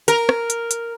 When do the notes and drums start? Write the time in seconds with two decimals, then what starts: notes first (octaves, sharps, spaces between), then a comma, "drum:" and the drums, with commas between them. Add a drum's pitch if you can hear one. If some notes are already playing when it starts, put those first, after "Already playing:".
0.08 A#4, drum: hi-hat
0.29 drum: rim click
0.50 drum: hi-hat
0.71 drum: hi-hat